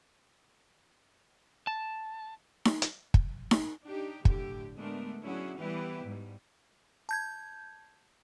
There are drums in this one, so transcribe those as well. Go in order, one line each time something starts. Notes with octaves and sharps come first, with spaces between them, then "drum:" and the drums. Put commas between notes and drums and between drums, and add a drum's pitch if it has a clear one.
A5
drum: snare D#4
drum: hi-hat
drum: kick
drum: snare D#4
D4 D#4 G4
A2 D3 G4, drum: kick
G#3 A3 B3 D4 A#4
F#3 C#4 D4 E4 F#4 G#4
E3 G3 B3 E4 G4 B4
G#2 G3
A5 G6 G#6